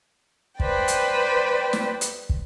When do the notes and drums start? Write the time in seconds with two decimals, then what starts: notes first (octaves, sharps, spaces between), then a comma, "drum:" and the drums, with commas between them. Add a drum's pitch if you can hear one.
0.60 B4 C5 D5 G5, drum: kick
0.88 drum: hi-hat
1.73 drum: snare
2.01 drum: hi-hat
2.29 drum: kick